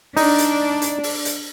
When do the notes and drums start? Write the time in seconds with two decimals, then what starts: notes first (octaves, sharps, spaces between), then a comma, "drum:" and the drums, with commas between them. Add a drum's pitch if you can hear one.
0.17 D4 D#4, drum: open hi-hat
0.38 drum: hi-hat
0.82 drum: hi-hat
1.03 drum: open hi-hat
1.25 drum: hi-hat